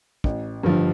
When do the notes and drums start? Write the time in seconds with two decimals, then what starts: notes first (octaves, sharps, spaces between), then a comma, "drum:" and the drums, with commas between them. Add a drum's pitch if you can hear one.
0.24 A1, drum: kick
0.63 G2 D3 F3